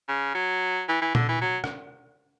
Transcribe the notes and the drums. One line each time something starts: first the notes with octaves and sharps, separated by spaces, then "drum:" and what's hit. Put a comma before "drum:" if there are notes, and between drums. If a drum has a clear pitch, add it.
C#3
F#3
E3
E3
D3, drum: tom A#2
E3
F#3
drum: rim click